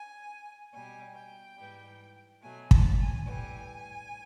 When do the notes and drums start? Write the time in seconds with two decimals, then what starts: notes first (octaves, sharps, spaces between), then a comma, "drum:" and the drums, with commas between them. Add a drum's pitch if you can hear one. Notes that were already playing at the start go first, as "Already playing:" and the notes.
Already playing: G#5
0.73 B2 G3 G#5
1.16 G5
1.57 G#2 E3 G3
2.43 B2 F#3 A3 G#5
2.71 A5, drum: kick
3.00 G#5
3.27 A2 E3 G3 G#5